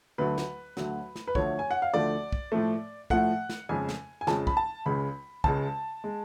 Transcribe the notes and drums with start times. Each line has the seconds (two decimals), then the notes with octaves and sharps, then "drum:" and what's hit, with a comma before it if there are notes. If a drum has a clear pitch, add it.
0.18 D2 D3 F#3 B4
0.38 drum: snare
0.77 D2 D3 F#3, drum: snare
1.16 drum: snare
1.27 B4
1.35 D2 D3 F3 A3 C#5, drum: kick
1.59 G#5
1.71 F#5
1.82 F5
1.94 D2 D3 F3 A3 D5
2.32 drum: kick
2.52 A2 F3 A3
3.10 A2 F3 A3 F#5, drum: kick
3.49 drum: snare
3.69 F2 C#3 F3 G#3 G#5
3.88 drum: snare
4.21 G#5
4.27 F2 C#3 F3 G#3 A5, drum: snare
4.47 B5, drum: kick
4.57 A5
4.86 C#2 C#3 G#3 B5
5.44 C#2 C#3 G#3 A5, drum: kick
6.04 G#3